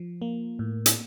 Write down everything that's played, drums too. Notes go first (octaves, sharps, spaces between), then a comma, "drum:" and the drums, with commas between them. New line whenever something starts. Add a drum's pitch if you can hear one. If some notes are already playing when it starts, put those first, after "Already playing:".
Already playing: F3
A#3
A2
drum: hi-hat